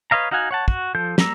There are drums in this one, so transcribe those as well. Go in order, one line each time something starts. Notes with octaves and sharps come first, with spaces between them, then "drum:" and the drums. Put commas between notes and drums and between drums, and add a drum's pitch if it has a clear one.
B4 C#5 D#5 F5 A#5
D#4 F#4 F5 F#5 G#5
C#5 F#5 A5
F#4, drum: kick
F3 A4 G6
G3 A#3 A#5 E6, drum: snare